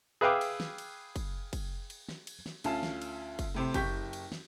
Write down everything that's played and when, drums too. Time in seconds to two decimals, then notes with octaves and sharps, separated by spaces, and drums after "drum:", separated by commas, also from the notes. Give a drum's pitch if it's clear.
0.21 G#4 B4 E5 F5 G5 D6
0.41 drum: cymbal
0.60 drum: snare
0.78 drum: cymbal
1.16 drum: kick, cymbal
1.53 drum: kick, cymbal
1.90 drum: cymbal
2.09 drum: snare
2.27 drum: cymbal
2.46 drum: snare
2.64 D2 C#4 F4 A5, drum: cymbal
2.83 drum: snare
3.02 drum: cymbal
3.39 drum: kick, cymbal
3.54 A2 C3 C4
3.74 F#1 G4 G5 C#6 G6 B6, drum: kick, cymbal
4.13 drum: cymbal
4.32 drum: snare